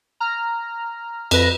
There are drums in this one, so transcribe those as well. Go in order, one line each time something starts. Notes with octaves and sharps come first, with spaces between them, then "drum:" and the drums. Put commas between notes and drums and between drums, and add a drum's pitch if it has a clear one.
A#5 F6
F2 B4 A#6, drum: cymbal